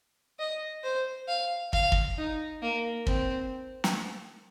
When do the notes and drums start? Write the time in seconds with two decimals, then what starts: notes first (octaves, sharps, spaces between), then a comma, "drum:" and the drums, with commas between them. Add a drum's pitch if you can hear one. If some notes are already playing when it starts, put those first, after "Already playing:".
0.39 D#5
0.84 C5
1.28 F5
1.73 F5, drum: kick
1.92 drum: kick
2.18 D#4
2.62 A#3
3.07 C4, drum: kick
3.84 drum: snare